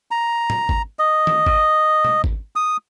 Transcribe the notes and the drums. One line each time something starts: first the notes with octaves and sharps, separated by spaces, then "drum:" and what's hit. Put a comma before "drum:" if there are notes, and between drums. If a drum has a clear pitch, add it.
A#5
drum: tom
drum: kick G#1
D#5
drum: tom D#3
drum: kick G#1
drum: tom B2
drum: kick G#1
D#6